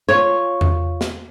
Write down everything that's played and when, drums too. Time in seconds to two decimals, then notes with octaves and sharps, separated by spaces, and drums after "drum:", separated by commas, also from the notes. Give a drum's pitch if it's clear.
0.09 F4 C#5
0.61 drum: tom E2
1.01 drum: snare